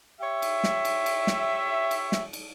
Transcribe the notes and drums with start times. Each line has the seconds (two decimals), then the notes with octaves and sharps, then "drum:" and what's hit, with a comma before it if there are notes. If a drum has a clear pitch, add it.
0.21 G4 C#5 E5
0.42 drum: cymbal
0.64 drum: snare
0.85 drum: cymbal
1.06 drum: cymbal
1.27 drum: snare
1.91 drum: cymbal
2.12 drum: snare
2.33 drum: cymbal